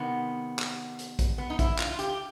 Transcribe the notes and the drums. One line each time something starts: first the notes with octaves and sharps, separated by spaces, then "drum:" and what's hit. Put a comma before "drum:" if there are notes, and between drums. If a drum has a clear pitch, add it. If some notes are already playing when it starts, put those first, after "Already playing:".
Already playing: C3 D#3 B3
drum: clap
drum: hi-hat
drum: kick, hi-hat
B3
D#4
E4, drum: kick, hi-hat
F4, drum: clap
G4, drum: hi-hat